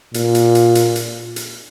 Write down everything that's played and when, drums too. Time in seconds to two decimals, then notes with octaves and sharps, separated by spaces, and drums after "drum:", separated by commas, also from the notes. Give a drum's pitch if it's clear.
0.14 A#2, drum: hi-hat
0.35 drum: hi-hat
0.55 drum: hi-hat
0.75 drum: hi-hat
0.96 drum: hi-hat
1.36 drum: hi-hat